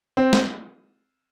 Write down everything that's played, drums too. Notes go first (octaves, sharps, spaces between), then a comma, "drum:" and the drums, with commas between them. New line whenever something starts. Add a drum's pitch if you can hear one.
C4
drum: snare